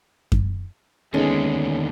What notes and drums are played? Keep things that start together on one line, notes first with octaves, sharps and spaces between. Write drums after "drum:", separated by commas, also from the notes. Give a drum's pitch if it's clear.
drum: kick F#2
D#2 D3 G#3 B3 C#4 D#4 A4